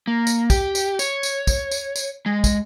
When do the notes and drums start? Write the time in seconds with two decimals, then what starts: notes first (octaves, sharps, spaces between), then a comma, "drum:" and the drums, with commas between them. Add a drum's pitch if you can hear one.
0.07 A#3
0.27 drum: tambourine
0.50 G4, drum: kick, tambourine
0.75 drum: tambourine
0.99 C#5, drum: tambourine
1.23 drum: tambourine
1.47 drum: kick, tambourine
1.71 drum: tambourine
1.96 drum: tambourine
2.26 G#3
2.44 drum: kick, tambourine